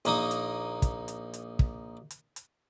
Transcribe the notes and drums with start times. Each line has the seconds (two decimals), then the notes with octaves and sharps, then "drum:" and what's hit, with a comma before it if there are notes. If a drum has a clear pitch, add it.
0.05 A#1 A#3 D#4 D#6, drum: hi-hat
0.31 drum: hi-hat
0.82 drum: kick, hi-hat
1.08 drum: hi-hat
1.34 drum: hi-hat
1.59 drum: kick
2.11 drum: hi-hat
2.36 drum: hi-hat